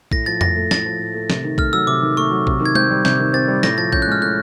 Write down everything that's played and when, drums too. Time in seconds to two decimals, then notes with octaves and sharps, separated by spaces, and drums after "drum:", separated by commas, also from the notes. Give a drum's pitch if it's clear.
0.11 A2 A#6, drum: kick A#1
0.26 F3 A6
0.41 A2 A#6, drum: tom F2
0.56 A3
0.71 A2 A6, drum: snare
0.86 F3
0.99 A2
1.14 A3
1.30 C3, drum: snare
1.44 D#3
1.58 A3 F6, drum: kick A#1
1.73 F#3 E6
1.87 C3 D6
2.02 D#3
2.17 A3 C#6
2.31 F#3
2.47 C3, drum: kick A#1
2.61 D#3 G#6
2.75 C4 G6, drum: tom G#3
2.90 G3
3.05 C3 G6, drum: snare
3.20 D#3
3.33 C4 A6
3.48 G3
3.63 A2 A#6, drum: snare
3.78 F3 A6
3.92 C#4 G6, drum: kick A#1
4.02 F#6
4.07 G#3 F6
4.22 A2 F#6